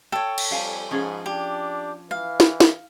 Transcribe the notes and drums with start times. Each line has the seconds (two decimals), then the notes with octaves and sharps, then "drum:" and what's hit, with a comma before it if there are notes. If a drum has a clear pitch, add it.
0.12 A4 C#5 G5
0.38 drum: cymbal
0.51 F2 G3 F5 G#5
0.91 G#2 F3 C#4 G#4
1.26 D4 G4
2.11 E3 F5
2.40 drum: snare
2.60 drum: snare